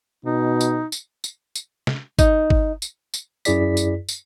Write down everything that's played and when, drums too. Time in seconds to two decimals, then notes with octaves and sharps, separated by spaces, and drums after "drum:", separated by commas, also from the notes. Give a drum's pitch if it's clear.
0.25 B2 D#4
0.61 drum: tambourine
0.92 drum: tambourine
1.24 drum: tambourine
1.55 drum: tambourine
1.87 drum: snare
2.19 D#4, drum: kick, tambourine
2.50 drum: kick
2.82 drum: tambourine
3.14 drum: tambourine
3.45 F#2 E4 G#4 D5 B6, drum: tambourine
3.77 drum: tambourine
4.09 drum: tambourine